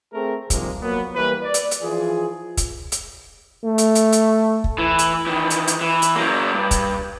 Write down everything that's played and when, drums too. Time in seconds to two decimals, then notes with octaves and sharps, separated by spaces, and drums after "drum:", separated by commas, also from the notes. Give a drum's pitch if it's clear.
0.13 A3 C4 G#4 A#4
0.50 C3 D#3 F3 G3 G#3 A#3, drum: kick, hi-hat
0.82 F#3 A#3 B3
1.15 E3 G3 A#3 B4
1.43 D5
1.54 drum: hi-hat
1.71 drum: hi-hat
1.83 E3 F3 F4 G#4
2.57 drum: kick, hi-hat
2.92 drum: hi-hat
3.65 A3
3.78 drum: hi-hat
3.95 drum: hi-hat
4.12 drum: hi-hat
4.64 drum: kick
4.78 E3
4.99 drum: hi-hat
5.27 D#3 E3
5.50 drum: hi-hat
5.67 drum: hi-hat
5.81 E3
6.02 drum: hi-hat
6.15 F#3 A#3
6.54 G2
6.71 drum: kick, hi-hat